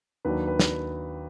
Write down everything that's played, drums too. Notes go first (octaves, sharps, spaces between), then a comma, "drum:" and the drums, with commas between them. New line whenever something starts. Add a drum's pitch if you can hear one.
D#2 D#3 F#3 D4 B4
B4
drum: snare